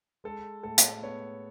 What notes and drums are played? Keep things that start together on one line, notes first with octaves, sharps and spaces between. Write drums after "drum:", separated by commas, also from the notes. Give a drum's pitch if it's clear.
G#3 A4
A2 A4
drum: hi-hat
B3 C#5